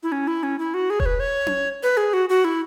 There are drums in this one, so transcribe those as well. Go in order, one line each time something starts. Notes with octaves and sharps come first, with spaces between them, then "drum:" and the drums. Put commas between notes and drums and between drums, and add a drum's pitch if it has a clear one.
E4
C#4
E4
C#4
E4
F#4
G#4
C#5, drum: kick E1
B4
C#5
drum: tom C#4
B4
G#4
F#4
F#4
E4